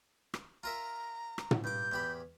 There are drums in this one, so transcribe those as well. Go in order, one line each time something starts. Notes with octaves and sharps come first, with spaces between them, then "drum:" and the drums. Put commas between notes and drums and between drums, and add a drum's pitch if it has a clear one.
drum: rim click
F4 A#4 E5 A#5
drum: rim click
drum: tom
G2 D6 G6
E2 G4 B5